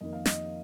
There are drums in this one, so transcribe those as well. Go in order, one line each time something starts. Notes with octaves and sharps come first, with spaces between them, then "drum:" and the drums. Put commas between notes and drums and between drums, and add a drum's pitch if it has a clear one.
F2 D#3 A#3 D#5
F5
D#5, drum: snare